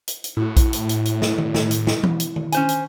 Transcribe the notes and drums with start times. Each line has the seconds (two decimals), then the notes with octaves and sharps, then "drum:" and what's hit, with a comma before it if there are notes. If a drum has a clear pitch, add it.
0.08 drum: hi-hat
0.24 drum: hi-hat
0.37 A2 E4 F#4
0.57 drum: kick A#1, hi-hat
0.73 drum: hi-hat
0.89 drum: hi-hat
1.05 drum: hi-hat
1.22 drum: snare
1.38 drum: tom D#3
1.54 drum: snare
1.71 drum: hi-hat
1.87 drum: snare
2.03 drum: tom E3
2.20 drum: hi-hat
2.36 drum: tom D#3
2.52 C#4 C5 G#5, drum: hi-hat
2.69 drum: hi-hat